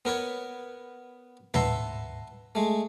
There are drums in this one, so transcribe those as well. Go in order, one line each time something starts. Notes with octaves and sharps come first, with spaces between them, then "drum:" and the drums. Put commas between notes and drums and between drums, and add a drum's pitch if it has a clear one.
B3 A#4 B4 C#5
B4 E5 F#5 A5 A#5 C6, drum: tom
G#3 A3